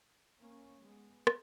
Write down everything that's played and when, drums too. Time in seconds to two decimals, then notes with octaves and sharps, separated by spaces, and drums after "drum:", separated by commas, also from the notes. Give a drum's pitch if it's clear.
0.40 A#3 C#4
0.83 G#3 B3
1.27 drum: rim click